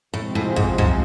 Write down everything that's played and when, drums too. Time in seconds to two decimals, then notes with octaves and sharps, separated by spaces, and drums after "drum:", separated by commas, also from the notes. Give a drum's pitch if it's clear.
0.14 A2 C3 F3 G#3 C4
0.35 A2
0.56 G#2, drum: kick
0.78 G#2, drum: tom